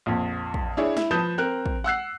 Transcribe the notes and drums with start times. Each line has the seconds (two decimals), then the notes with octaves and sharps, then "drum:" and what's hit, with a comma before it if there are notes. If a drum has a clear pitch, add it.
0.06 A#1 F2
0.54 drum: kick
0.77 D4 E4 G#4 C#5
0.97 E4, drum: snare
1.11 F3 B4 A5 D#6 G6 E7
1.38 C4 A#4 F#6
1.66 drum: kick
1.84 F#5 E6 F#6 C7